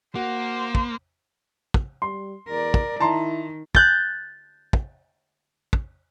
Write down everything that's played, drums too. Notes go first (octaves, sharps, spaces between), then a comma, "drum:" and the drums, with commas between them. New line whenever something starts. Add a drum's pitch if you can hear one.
A#3 F#4 C5
drum: kick
drum: kick
G3 C6
E2 A#4 D5
drum: kick
D#3 E4 A5 A#5 C6
F#6 G6 A6, drum: kick
drum: kick
drum: kick